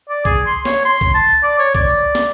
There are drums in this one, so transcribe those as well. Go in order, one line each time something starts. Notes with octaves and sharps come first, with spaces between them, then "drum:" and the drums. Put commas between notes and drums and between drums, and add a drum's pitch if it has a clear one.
D5
G#4, drum: kick C2
C6
C#5, drum: snare
C6
drum: kick C2
A5
D5
C#5
D5, drum: kick C2
drum: snare